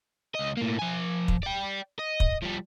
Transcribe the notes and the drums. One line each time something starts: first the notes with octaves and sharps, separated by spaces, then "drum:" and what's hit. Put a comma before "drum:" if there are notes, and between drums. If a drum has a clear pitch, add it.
C#2 D#5
A2 A#3
F3 G#5
drum: kick
D5 G5
D#5
drum: kick
F3 G3